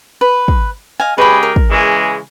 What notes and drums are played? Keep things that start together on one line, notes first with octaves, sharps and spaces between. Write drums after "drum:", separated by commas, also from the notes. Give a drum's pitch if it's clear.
B4
drum: kick
D#5 F5 G#5
C#3 G#3 G4 B4 B5
A#4
drum: kick
C#3 E3 G#3